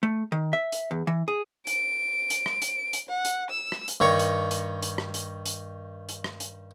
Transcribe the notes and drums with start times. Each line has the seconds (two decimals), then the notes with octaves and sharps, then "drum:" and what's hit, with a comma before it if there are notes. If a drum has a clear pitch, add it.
0.03 A3
0.32 D#3
0.53 E5
0.72 drum: hi-hat
0.91 E2
1.07 E3
1.28 G#4
1.67 D7, drum: hi-hat
2.30 drum: hi-hat
2.46 drum: rim click
2.62 drum: hi-hat
2.93 drum: hi-hat
3.09 F#5
3.25 drum: hi-hat
3.50 E6
3.72 drum: rim click
3.88 drum: hi-hat
4.00 G2 D#3 C#5 A#5 C#6
4.19 drum: hi-hat
4.51 drum: hi-hat
4.82 drum: hi-hat
4.98 drum: rim click
5.14 drum: hi-hat
5.46 drum: hi-hat
6.09 drum: hi-hat
6.24 drum: rim click
6.40 drum: hi-hat